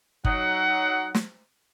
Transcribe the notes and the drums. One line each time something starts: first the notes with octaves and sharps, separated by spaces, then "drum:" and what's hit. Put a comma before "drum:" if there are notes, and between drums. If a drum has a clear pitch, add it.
F#3 D#4 F#5, drum: kick G1
drum: snare